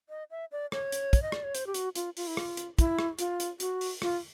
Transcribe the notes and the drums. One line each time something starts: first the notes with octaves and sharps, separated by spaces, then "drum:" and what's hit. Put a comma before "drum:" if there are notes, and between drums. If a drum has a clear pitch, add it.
D#5
E5
D5
C#5, drum: rim click
drum: hi-hat
drum: kick, hi-hat
D#5
D5, drum: rim click
C#5
C5, drum: hi-hat
G4
F#4, drum: hi-hat
F4, drum: hi-hat
F4, drum: open hi-hat
E4
F4, drum: rim click
drum: hi-hat
E4, drum: kick, hi-hat
drum: rim click
F4, drum: hi-hat
drum: hi-hat
F#4, drum: hi-hat
drum: open hi-hat
F4, drum: rim click